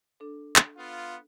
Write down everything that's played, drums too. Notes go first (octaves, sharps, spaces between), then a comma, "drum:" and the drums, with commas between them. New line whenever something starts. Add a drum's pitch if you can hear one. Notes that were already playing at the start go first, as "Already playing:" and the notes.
D4 A4
drum: clap
B3 F4